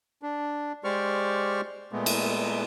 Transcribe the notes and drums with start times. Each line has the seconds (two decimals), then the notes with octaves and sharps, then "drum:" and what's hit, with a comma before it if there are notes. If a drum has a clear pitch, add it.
0.23 D4
0.84 G#3 G4 C5 D5 C#6 F6
1.92 A#2 G#3 A3 B3
2.06 drum: cymbal